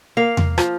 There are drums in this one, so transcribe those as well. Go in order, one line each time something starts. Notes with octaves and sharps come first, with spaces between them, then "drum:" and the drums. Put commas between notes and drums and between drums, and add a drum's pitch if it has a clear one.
A#3 F5
drum: tom E2
F3, drum: rim click